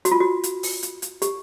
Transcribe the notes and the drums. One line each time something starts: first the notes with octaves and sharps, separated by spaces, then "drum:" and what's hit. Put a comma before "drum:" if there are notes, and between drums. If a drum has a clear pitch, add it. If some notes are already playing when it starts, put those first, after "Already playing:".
F#4, drum: hi-hat
F4
F#4
drum: hi-hat
drum: open hi-hat
drum: hi-hat
drum: hi-hat
G4, drum: hi-hat